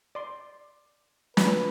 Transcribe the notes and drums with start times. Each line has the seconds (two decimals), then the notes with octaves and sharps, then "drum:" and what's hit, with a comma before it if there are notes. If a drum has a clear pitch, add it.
0.15 D5 C6
1.37 F4 B4 B5, drum: snare